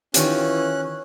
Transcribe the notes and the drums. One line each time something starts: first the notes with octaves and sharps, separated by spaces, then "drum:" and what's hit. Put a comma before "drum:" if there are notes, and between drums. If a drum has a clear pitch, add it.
D#3 E3 C#4 F4 G4 F#6, drum: hi-hat